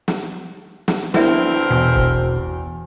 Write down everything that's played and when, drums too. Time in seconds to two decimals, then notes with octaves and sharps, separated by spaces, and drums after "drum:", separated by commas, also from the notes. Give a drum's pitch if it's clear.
0.08 drum: snare
0.88 drum: snare
1.14 D2 B3 C4 D4 E4 A#4 D5 E5, drum: snare
1.70 E2 B2
1.95 drum: kick